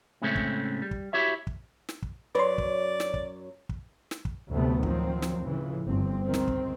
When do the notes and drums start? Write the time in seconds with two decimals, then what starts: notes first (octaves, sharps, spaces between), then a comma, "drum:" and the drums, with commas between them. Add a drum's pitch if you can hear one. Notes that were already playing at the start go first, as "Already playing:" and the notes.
0.22 A2 C#3 G#3 A3 C4 C#4
0.36 drum: kick
0.82 G3
0.91 drum: kick
1.13 E4 F#4 G4 C#5 E5
1.47 drum: kick
1.89 drum: snare
2.02 drum: kick
2.35 F#2 F#3 B4 D5 C6
2.58 drum: kick
3.00 drum: snare
3.14 drum: kick
3.69 drum: kick
4.11 drum: snare
4.25 drum: kick
4.52 D2 A2 C3 F#3 A3 B3
4.83 D#3 F3 F#3 C4, drum: kick
5.22 drum: snare
5.41 A2 C#3 E3 F3
5.85 G1 C4
6.24 C#2 D#3 C4
6.34 drum: snare
6.48 drum: kick